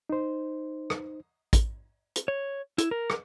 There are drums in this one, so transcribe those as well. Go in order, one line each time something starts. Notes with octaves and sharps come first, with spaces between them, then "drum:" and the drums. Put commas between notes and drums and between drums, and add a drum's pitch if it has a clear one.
D#4 C5
drum: rim click
drum: kick, hi-hat
drum: hi-hat
C#5
E4, drum: hi-hat
A#4
drum: rim click